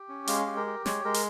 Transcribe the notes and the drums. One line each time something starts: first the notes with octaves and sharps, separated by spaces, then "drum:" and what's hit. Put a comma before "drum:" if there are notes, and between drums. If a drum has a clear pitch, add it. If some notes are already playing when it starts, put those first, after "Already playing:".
Already playing: G4
C#4
G#3 F5, drum: hi-hat
G4
A#4
G4
G#3 C#5, drum: snare
G#3 A#4
drum: hi-hat